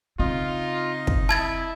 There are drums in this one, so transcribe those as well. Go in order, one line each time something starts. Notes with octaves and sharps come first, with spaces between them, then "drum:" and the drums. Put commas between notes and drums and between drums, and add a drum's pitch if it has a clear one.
C#3 C4 D#4 F4 D#5
drum: kick
E4 A5 G#6 A6